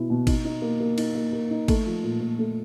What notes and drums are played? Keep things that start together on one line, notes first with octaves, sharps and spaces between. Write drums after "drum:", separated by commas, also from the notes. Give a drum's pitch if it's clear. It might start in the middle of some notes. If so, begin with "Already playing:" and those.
Already playing: B2 B3 E4
B2
D#4, drum: kick, cymbal
D#4
A#3
A#3
D#4, drum: cymbal
A#3
A#3
D#4
A3, drum: kick, cymbal
F3
A#2
A#2
A3